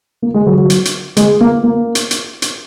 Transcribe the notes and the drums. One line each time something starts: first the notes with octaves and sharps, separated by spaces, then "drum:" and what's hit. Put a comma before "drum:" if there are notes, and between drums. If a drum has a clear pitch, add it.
A#3
G#3
F#3
F#3
drum: hi-hat
drum: hi-hat
G#3, drum: hi-hat
A#3
A#3
drum: hi-hat
drum: hi-hat
drum: hi-hat